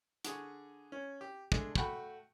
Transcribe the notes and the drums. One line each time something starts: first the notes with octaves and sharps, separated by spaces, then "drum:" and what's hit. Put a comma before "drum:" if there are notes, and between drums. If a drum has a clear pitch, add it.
D3 G#4 C#6, drum: hi-hat
C#4
G4
G#3 A3 D4, drum: kick
A3 F#4 G5 B5 C#6, drum: kick